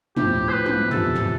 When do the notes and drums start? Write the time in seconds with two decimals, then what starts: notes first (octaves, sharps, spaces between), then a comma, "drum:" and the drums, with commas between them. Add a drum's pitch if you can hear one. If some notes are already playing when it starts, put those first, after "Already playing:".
0.17 A2 F3 C4 G4, drum: tom
0.49 C5
0.53 B4
0.66 drum: tom
0.91 E2 C3 F3 A4, drum: tom
1.16 drum: tom